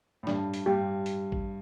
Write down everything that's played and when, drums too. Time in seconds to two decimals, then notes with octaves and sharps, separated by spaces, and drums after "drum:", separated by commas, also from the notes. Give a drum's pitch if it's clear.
0.23 A2
0.27 G2 D4, drum: snare
0.54 drum: hi-hat
0.66 G2 G4
1.06 drum: hi-hat
1.32 drum: kick A1